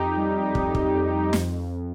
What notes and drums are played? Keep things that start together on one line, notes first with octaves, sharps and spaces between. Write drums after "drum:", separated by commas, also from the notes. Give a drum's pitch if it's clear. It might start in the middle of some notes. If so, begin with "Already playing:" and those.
Already playing: F2 D#4 G4
G3
F2, drum: kick
drum: kick
F2
F2, drum: snare